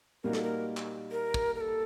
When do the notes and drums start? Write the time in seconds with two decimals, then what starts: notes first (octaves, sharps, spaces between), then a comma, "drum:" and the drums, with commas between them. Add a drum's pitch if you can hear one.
0.24 A#2 G3 A#3 D#4 F#4 A#4
0.33 A4, drum: snare
0.42 A#4
0.77 drum: clap
1.12 A#4
1.34 drum: kick
1.56 A#4
1.61 A4